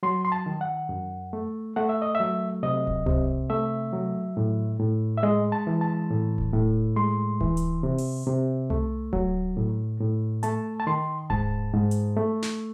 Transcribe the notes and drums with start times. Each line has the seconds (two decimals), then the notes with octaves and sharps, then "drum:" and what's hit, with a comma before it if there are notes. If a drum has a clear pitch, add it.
0.03 F#3 C6
0.25 C6
0.32 A5
0.46 D#3
0.61 F#5
0.89 F#2
1.33 A3
1.76 A3 F#5
1.89 E5
2.02 D#5
2.15 E5
2.20 F#3
2.63 C3 D#5
2.87 drum: kick D1
3.07 C3, drum: tom C2
3.50 A3 E5
3.93 F#3
4.37 A2
4.79 A2
5.18 E5
5.23 G#3 D#5
5.52 A5
5.67 E3
5.81 A5
6.10 A2
6.38 drum: kick D1
6.53 A2
6.96 G#3 C6
7.40 E3, drum: kick D1
7.57 drum: hi-hat
7.83 C3
7.98 drum: open hi-hat
8.27 C3
8.70 A3, drum: tom C2
9.13 F#3, drum: kick D1
9.57 A2
10.00 A2
10.43 A3 A5, drum: hi-hat
10.80 A5
10.87 D#3 C6
11.30 G#2 A5, drum: kick D1
11.74 G#2
11.91 drum: hi-hat
12.17 A3
12.42 drum: snare